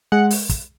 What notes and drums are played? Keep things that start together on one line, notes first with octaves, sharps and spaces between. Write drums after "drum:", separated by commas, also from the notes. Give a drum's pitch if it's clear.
G#3 F#5
drum: open hi-hat
drum: kick, hi-hat